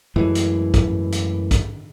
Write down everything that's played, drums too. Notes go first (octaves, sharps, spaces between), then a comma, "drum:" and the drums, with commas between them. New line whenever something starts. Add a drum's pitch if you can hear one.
F#2 A2 E3 G#3
drum: hi-hat
drum: kick, hi-hat
drum: hi-hat
drum: kick, hi-hat